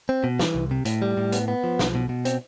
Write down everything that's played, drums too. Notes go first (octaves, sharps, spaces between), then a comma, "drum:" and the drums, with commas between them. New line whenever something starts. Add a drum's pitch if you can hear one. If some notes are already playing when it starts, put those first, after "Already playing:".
C4
B2
E3, drum: snare
C2
C3
A2, drum: hi-hat
G3
A2
B3, drum: hi-hat
B3
F3
B1, drum: snare
B2
B2
C4, drum: hi-hat